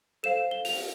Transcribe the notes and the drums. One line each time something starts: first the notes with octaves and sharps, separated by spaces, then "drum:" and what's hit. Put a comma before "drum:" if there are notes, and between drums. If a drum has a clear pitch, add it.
A4 C5 F5 E7
G7
F7, drum: open hi-hat